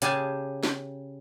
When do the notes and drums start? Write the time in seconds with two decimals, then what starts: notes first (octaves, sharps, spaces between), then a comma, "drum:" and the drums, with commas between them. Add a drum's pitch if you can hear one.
0.02 C#3 G4 G#4 G#5 A5, drum: hi-hat
0.63 drum: snare